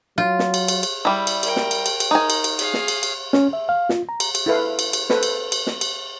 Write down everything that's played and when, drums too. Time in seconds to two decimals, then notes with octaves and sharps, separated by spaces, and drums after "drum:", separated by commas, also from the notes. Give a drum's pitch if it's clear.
0.18 F#3 F4
0.39 drum: snare
0.54 drum: cymbal
0.68 drum: cymbal
0.83 drum: cymbal
1.05 G3 E4
1.27 drum: cymbal
1.43 A#4 G5, drum: cymbal
1.56 drum: snare
1.71 drum: cymbal
1.86 drum: cymbal
2.00 drum: cymbal
2.11 D#4 A#4 G#5
2.30 drum: cymbal
2.44 drum: cymbal
2.59 G#4 F5, drum: cymbal
2.74 drum: snare
2.88 drum: cymbal
3.03 drum: cymbal
3.33 C#4, drum: snare
3.53 E5
3.69 F5
3.89 F4, drum: snare
4.09 A#5
4.20 drum: cymbal
4.35 drum: cymbal
4.46 E4 A4 B4 F5
4.79 drum: cymbal
4.93 drum: cymbal
5.10 A4 B4 C5, drum: snare
5.23 drum: cymbal
5.52 drum: cymbal
5.67 drum: snare
5.81 drum: cymbal